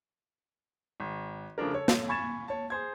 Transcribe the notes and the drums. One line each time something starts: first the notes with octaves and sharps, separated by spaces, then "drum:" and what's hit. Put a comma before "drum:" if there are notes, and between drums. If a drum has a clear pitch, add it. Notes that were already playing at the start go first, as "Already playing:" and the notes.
G#1
C#3 F3 A3 D4 A#4
A4 C#5
drum: snare
G#5 B5 C#6 G#6 A6 E7
C#5 A5
G#4 C5 G#6